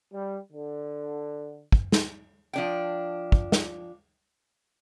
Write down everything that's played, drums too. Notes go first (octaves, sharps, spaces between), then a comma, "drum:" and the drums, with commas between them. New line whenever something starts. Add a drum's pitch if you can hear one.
G3
D3
drum: kick
drum: snare
F3 D4 G5
drum: kick
drum: snare